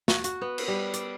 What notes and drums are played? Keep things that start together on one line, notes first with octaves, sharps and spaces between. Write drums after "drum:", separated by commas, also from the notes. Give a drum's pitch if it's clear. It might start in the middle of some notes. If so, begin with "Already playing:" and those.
F#4, drum: snare
F#4, drum: hi-hat
B3
drum: cymbal
G3
D5, drum: hi-hat